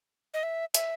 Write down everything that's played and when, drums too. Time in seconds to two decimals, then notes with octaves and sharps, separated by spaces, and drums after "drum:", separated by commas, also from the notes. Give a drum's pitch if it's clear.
0.34 D#5
0.43 E5
0.74 E5, drum: hi-hat